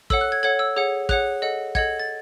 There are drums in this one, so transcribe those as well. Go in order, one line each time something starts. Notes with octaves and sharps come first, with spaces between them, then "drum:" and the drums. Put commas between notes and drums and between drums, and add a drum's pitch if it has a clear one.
A4 C#5 F#5 E6, drum: kick
F#6
G#6
A4 C#5 F#5 G#6
E6
G#4 C#5 F#5
G#4 C#5 F#5 F#6, drum: kick
A4 D#5 F#5
A4 D#5 F#5 G#6, drum: kick
A6